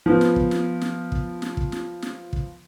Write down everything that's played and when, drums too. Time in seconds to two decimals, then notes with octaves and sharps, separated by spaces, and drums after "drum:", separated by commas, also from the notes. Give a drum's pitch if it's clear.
0.06 F3 B3
0.21 drum: snare
0.36 drum: kick
0.51 drum: snare
0.81 drum: snare
1.12 drum: kick
1.42 drum: snare
1.57 drum: kick
1.72 drum: snare
2.02 drum: snare
2.33 drum: kick